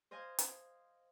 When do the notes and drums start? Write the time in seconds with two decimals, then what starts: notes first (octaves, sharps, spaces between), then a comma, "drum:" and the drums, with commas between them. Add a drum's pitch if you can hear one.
0.11 C5 D#5 F5 G#5
0.39 drum: hi-hat